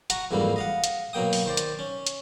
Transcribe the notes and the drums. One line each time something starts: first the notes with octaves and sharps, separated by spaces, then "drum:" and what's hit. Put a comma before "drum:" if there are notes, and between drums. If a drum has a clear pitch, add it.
F#4 F#5 A#5, drum: hi-hat
F2 G#2 E3 G3 A#3
D#5 F5 F#5
drum: hi-hat
B2 F#3 A#3 G5 D#6
drum: open hi-hat
D#3 C5 D5
drum: hi-hat
C#4
drum: hi-hat